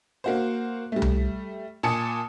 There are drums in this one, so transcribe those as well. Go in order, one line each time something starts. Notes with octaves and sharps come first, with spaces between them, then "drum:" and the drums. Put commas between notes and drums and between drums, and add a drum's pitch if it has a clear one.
A#3 F#4 C5
G3 A3
drum: tom C2
A#2 G#5 A5 D#6 C#7